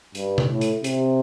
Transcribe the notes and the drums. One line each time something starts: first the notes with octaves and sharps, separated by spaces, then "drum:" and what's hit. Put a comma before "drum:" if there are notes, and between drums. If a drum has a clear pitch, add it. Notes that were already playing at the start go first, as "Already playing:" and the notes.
G2, drum: hi-hat
drum: tom C3
A2
drum: hi-hat
C3, drum: hi-hat